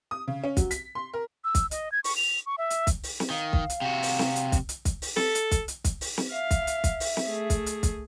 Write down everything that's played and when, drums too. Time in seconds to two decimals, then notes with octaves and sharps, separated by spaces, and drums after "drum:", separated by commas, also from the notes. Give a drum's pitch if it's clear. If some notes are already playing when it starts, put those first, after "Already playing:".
0.11 D#6
0.28 C#3
0.44 C#4
0.57 F#3, drum: kick, hi-hat
0.71 B6, drum: hi-hat
0.95 C6
1.13 A#4
1.44 E6
1.55 drum: kick, hi-hat
1.71 D#5, drum: hi-hat
1.92 G#6
2.04 C#6, drum: open hi-hat
2.16 F7
2.46 C#6
2.58 E5
2.70 drum: hi-hat
2.87 drum: kick, hi-hat
3.03 drum: open hi-hat
3.20 drum: snare
3.30 D#3 F5
3.53 drum: kick
3.70 drum: hi-hat
3.82 C3 F#4
4.03 drum: open hi-hat
4.19 drum: snare
4.36 drum: hi-hat
4.52 drum: kick, hi-hat
4.69 drum: hi-hat
4.85 drum: kick, hi-hat
5.02 drum: open hi-hat
5.16 A4, drum: snare
5.35 drum: hi-hat
5.51 drum: kick, hi-hat
5.68 drum: hi-hat
5.84 drum: kick, hi-hat
6.01 drum: open hi-hat
6.18 drum: snare
6.32 E5 F5
6.51 drum: kick, hi-hat
6.67 drum: hi-hat
6.84 drum: kick, hi-hat
7.00 drum: open hi-hat
7.17 drum: snare
7.26 A3 G#4
7.50 drum: kick, hi-hat
7.66 drum: hi-hat
7.83 drum: kick, hi-hat